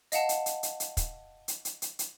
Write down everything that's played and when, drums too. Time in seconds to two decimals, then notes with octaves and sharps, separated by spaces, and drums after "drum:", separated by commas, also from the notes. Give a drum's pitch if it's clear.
0.12 D#5 F5 F#5 A5, drum: hi-hat
0.29 drum: hi-hat
0.46 drum: hi-hat
0.63 drum: hi-hat
0.80 drum: hi-hat
0.97 drum: kick, hi-hat
1.48 drum: hi-hat
1.65 drum: hi-hat
1.82 drum: hi-hat
1.99 drum: hi-hat